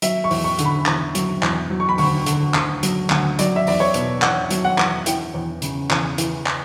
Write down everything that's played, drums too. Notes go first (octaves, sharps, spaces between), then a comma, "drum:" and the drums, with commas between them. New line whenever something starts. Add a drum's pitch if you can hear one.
F#3 E5, drum: hi-hat
C#6
E2, drum: open hi-hat
C#6
D3, drum: hi-hat
B5
E2, drum: clap
F#3, drum: hi-hat
E2, drum: clap
F#3
C#6
B5
D2 C#6, drum: open hi-hat
D3, drum: hi-hat
D2, drum: clap
F#3, drum: hi-hat
D2, drum: clap
F#3 D5, drum: hi-hat
E5
E2 D5, drum: open hi-hat
C#5
B2, drum: hi-hat
E2 F#5, drum: clap
F#3, drum: hi-hat
F#5
E2, drum: clap
E3 G5, drum: hi-hat
E2
C#3, drum: hi-hat
E2, drum: clap
E3, drum: hi-hat
drum: clap